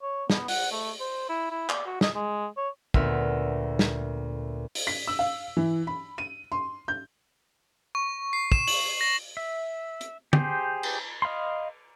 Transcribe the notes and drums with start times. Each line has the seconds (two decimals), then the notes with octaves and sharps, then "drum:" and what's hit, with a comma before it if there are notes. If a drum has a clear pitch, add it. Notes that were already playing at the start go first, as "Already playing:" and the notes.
0.02 C#5
0.30 B3, drum: snare
0.48 F#5, drum: open hi-hat
0.72 A3
1.00 C5
1.29 E4
1.51 E4
1.70 D5, drum: clap
1.86 F#4
2.01 D#5, drum: snare
2.15 G#3
2.57 C#5
2.94 D2 A#2 B3 A#4 E5, drum: kick
3.79 drum: snare
4.75 drum: open hi-hat
4.87 B6
5.07 E6
5.19 F5
5.57 E3
5.87 B5
6.18 D#7
6.52 C6
6.88 G6
7.95 C#6
8.33 C7
8.52 E7, drum: kick
8.68 F#7, drum: open hi-hat
9.01 A#6
9.37 E5
10.01 drum: hi-hat
10.33 G4 G#4 C5, drum: tom
10.83 drum: cymbal
11.22 D#5 F5 B5 C6